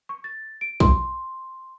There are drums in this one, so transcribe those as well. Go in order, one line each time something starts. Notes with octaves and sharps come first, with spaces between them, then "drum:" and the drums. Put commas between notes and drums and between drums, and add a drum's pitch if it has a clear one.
C#6
A6
D7
C6, drum: kick A#1